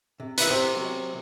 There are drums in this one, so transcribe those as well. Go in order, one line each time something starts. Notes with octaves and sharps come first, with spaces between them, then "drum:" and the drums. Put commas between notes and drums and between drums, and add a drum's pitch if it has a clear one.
C3
D#3 E4 B4 E5, drum: hi-hat
C3 C5
F#3 G#3